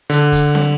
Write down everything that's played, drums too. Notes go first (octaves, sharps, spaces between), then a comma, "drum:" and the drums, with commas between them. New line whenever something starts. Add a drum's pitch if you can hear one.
D3, drum: hi-hat
drum: kick, hi-hat
drum: snare